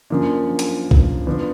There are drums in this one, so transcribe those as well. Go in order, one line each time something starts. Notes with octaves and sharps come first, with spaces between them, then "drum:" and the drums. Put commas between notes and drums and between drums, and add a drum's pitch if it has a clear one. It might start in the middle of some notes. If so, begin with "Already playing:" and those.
F#2 F3 A#3 D4
drum: hi-hat
drum: kick B1
F3 B3 D4